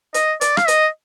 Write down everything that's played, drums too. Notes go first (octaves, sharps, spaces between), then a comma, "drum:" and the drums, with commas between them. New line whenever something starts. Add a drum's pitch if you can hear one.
D#5, drum: hi-hat
D5, drum: hi-hat
F5, drum: rim click
D#5, drum: hi-hat